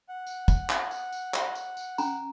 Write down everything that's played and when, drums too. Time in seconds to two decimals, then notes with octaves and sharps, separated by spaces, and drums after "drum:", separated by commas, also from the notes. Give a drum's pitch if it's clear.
0.09 F#5
0.27 drum: tambourine
0.48 drum: kick, tambourine
0.70 drum: clap
0.91 drum: tambourine
1.12 drum: tambourine
1.34 drum: clap
1.55 drum: tambourine
1.77 drum: tambourine
1.98 C#4 G#5 A#5, drum: tambourine